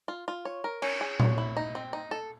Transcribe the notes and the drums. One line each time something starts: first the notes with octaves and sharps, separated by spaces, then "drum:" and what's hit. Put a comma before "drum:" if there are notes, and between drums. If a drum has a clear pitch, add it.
F4
F4
C#5
A#4
C#4, drum: cymbal
G#4
C#5, drum: tom A#2
E4
D#4
C4
D#4
A4